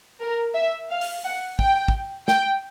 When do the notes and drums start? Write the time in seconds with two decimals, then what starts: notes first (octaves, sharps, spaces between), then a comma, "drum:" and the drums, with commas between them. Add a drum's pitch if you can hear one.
0.21 A#4
0.54 E5
0.90 F5
1.01 drum: open hi-hat
1.24 F#5
1.59 G5, drum: kick
1.88 drum: kick
2.28 G5, drum: snare